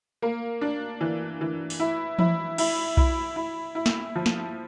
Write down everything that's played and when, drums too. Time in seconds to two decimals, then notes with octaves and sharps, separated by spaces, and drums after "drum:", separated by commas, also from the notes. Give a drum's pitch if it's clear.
0.22 A#3
0.61 D4
1.01 E3
1.41 E3
1.70 drum: open hi-hat
1.80 E4
2.19 E4, drum: tom E3
2.58 E4, drum: cymbal
2.97 E4, drum: kick B1
3.36 E4
3.75 E4
3.86 drum: snare
4.15 F3
4.26 drum: snare